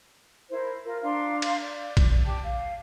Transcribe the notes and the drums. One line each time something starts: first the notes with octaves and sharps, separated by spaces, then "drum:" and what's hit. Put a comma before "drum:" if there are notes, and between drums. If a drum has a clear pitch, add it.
E4 A#4 C5
F4 A#4
D4 F5 A#5 C6
drum: cymbal
D5
drum: kick A#1, cymbal
G4 G5 A5
F5